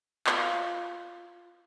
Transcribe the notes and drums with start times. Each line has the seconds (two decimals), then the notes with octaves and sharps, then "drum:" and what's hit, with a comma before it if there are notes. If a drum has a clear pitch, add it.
0.27 F4 F5, drum: clap